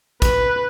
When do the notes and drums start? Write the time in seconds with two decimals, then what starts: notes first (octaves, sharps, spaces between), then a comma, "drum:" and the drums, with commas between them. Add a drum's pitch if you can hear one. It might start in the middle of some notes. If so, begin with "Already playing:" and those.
0.22 B4, drum: kick, hi-hat